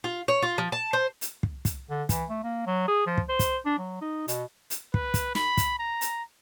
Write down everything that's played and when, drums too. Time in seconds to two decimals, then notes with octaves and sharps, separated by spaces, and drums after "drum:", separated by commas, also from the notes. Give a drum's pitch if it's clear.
0.04 F4
0.28 C#5
0.43 F4
0.58 F3
0.72 A5
0.93 C5
1.21 drum: hi-hat
1.43 drum: kick
1.65 drum: kick, hi-hat
1.90 D3
2.09 E3, drum: kick, hi-hat
2.29 A3
2.43 A#3
2.67 F#3
2.88 G#4
3.06 F3
3.18 drum: kick
3.29 C5
3.39 drum: kick, hi-hat
3.65 D4
3.79 F#3
4.01 D#4
4.28 B2, drum: hi-hat
4.70 drum: hi-hat
4.94 B4, drum: kick
5.14 drum: kick, hi-hat
5.35 B5, drum: snare
5.57 drum: kick, hi-hat
5.79 A#5
6.01 drum: hi-hat